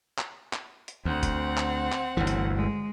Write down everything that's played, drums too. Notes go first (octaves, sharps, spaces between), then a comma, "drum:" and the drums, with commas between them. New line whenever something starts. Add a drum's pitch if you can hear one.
drum: clap
drum: clap
drum: hi-hat
D2 C4 F#5
drum: kick, hi-hat
drum: clap
drum: clap
G1 D2 E3
drum: hi-hat
G#3